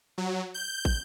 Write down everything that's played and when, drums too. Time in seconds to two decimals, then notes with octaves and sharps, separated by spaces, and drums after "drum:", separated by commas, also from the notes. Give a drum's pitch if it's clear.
0.18 F#3
0.54 G6
0.85 drum: kick